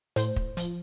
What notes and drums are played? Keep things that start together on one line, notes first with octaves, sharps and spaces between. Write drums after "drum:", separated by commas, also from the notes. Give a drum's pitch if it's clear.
A2 C5, drum: hi-hat
drum: kick
F3, drum: hi-hat